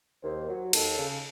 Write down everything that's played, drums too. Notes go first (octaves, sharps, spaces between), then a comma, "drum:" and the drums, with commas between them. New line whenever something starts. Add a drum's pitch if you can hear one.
D#2 C5
F#3
D#2 A4, drum: cymbal
C#3